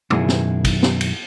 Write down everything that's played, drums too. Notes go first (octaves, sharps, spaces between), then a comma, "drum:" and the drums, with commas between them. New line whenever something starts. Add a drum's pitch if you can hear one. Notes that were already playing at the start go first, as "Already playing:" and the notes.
F#2 B2 D#3 E4 G#4, drum: tom
drum: snare
drum: kick, cymbal
drum: snare
drum: cymbal